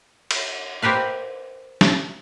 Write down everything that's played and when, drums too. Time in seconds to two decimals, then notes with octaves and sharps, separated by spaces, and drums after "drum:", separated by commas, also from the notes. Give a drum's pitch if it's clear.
0.31 drum: cymbal
0.82 C4 G4 A#4 B4 F5
1.81 drum: snare